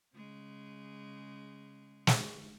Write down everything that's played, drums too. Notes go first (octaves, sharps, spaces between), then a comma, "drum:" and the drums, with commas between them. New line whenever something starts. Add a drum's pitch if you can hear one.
C#3 G#3
drum: snare